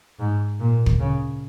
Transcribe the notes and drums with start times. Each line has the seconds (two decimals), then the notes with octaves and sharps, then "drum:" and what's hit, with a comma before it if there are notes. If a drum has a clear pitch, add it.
0.19 G#2
0.60 A#2
0.86 drum: kick
0.99 C#3